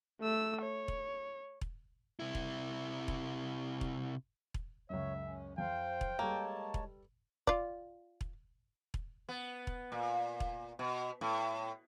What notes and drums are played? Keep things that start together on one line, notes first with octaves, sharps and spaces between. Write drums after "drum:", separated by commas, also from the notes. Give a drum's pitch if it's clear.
A3 E6
C#5
drum: kick E1
drum: kick E1
C3 E4
drum: kick E1
drum: kick E1
drum: kick E1
drum: kick E1
C#2 F#2 C#5 E5
C#4
F2 C5 F5 G5
drum: kick E1
G3 G#3 A#3 A4 B4 C#5 A5
drum: kick E1
F4 D5, drum: kick E1
drum: kick E1
drum: kick E1
B3
drum: kick E1
A#2
drum: kick E1
B2
A2